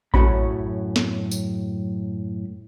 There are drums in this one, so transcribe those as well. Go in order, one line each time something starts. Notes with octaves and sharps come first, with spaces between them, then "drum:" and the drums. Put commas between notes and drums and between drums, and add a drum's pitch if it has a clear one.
F#2 A2 E3 F#3 C#4 B5, drum: kick A1
drum: snare
drum: tambourine